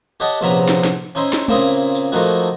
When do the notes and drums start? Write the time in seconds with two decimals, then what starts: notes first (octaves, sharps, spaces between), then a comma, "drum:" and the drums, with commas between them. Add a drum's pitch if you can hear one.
0.20 G4 C#5 D#5 F#5 A5
0.41 A#1 C3 B3 C#4 E5 A#5
0.69 drum: snare
0.84 drum: snare
1.15 C#4 D#4 E4 C5
1.33 drum: snare
1.48 A#2 C#3 C4 E4 A#4 D#6, drum: tom
1.95 drum: tambourine
2.12 F3 A3 A#3 D#4 E4 F#4